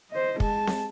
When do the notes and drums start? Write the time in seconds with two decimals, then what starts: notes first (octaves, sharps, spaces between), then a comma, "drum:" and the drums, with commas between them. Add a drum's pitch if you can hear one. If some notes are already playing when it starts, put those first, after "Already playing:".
0.11 C5 D#5
0.40 G#3 A5, drum: kick
0.67 drum: snare C4